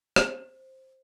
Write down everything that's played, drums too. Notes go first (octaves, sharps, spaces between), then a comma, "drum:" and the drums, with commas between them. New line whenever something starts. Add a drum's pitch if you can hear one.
C5, drum: rim click